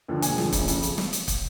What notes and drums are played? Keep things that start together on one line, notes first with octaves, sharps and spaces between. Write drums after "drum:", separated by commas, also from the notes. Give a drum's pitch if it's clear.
D#2 D3 F3
E1 G#5, drum: hi-hat
D#2 D3 F3, drum: snare
F#1, drum: kick, hi-hat
F2 C#3 F3, drum: hi-hat
drum: hi-hat
drum: snare
drum: hi-hat
drum: kick, hi-hat